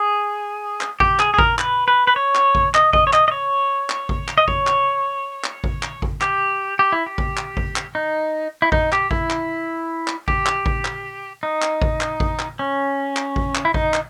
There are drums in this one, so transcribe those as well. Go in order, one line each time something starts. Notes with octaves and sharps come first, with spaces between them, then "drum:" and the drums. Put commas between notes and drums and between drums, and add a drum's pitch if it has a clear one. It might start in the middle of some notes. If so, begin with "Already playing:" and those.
Already playing: G#4
drum: clap
G4, drum: kick A1
G#4, drum: clap
G#4
A#4, drum: kick A1
B4, drum: clap
B4
B4
C#5
drum: clap
drum: kick A1
D#5, drum: clap
D#5, drum: kick A1
C#5
D#5, drum: clap
D#5
C#5
drum: clap
drum: kick A1
drum: clap
D#5
C#5, drum: kick A1
drum: clap
drum: clap
drum: kick A1
drum: clap
drum: kick A1
G4, drum: clap
G4
E4
G4
drum: kick A1
drum: clap
drum: kick A1
drum: clap
D#4
E4
D#4, drum: kick A1
G4, drum: clap
E4, drum: kick A1
drum: clap
drum: clap
G4, drum: kick A1
drum: clap
drum: kick A1
drum: clap
D#4
drum: clap
drum: kick A1
drum: clap
drum: kick A1
drum: clap
C#4
drum: clap
drum: kick A1
drum: clap
E4
D#4, drum: kick A1
drum: clap